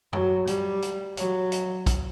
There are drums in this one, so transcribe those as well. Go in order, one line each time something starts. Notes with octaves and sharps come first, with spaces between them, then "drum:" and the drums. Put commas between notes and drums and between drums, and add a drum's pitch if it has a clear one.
F#3, drum: tom
G3, drum: hi-hat
drum: hi-hat
F#3, drum: hi-hat
drum: hi-hat
drum: kick, hi-hat